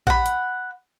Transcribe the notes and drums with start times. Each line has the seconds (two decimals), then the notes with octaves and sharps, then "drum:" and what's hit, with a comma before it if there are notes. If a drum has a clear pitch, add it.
0.07 F#5 B5, drum: kick A#1
0.26 drum: hi-hat